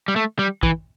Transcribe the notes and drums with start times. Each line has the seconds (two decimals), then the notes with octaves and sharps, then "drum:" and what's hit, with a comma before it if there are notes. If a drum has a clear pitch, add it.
0.08 G3
0.16 A3
0.39 G3
0.63 E3, drum: kick